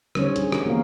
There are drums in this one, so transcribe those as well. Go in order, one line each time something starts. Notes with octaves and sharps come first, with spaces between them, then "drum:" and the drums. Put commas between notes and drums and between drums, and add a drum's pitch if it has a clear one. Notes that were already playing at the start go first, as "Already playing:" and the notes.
D3 G3 C#4 D#4 C5 C#5, drum: rim click
G3 G#4, drum: hi-hat
F#4 A#4, drum: rim click
E3 A#3 B3 E4 A#4 F5